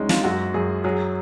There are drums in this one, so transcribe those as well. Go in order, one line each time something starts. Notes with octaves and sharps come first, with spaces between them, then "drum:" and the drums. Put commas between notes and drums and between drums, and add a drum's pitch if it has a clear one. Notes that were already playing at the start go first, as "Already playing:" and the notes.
Already playing: C2 F#3 G#3 C#4 D#4
F4, drum: snare
F#2 F#4
F#2 G#4
F#3 G#4